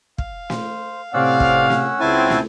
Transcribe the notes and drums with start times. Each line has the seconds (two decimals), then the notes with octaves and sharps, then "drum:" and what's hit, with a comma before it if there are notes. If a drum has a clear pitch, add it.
0.18 F5, drum: kick
0.50 C5, drum: snare
1.14 A2 C3 C4 C#4 D5 F5 F#5 E6
1.40 drum: kick
1.70 drum: snare
2.00 C#2 C4 E4 G#5 A5
2.30 drum: snare